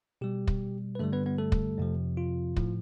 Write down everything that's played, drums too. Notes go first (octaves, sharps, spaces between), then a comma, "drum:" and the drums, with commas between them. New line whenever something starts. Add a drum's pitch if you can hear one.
B2 G3 G4
drum: kick
B4
G2 D3 G3 A3 A4
B3 B4
B3 B4
A3 A4
drum: kick
F2 C3 F3
F4
A2 F3, drum: kick